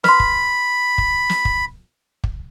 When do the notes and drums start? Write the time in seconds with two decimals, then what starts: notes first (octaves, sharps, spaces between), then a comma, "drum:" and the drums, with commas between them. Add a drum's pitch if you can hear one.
0.04 B4 B5 C6, drum: snare
0.20 drum: kick
0.98 drum: kick
1.29 drum: snare
1.45 drum: kick
2.24 drum: kick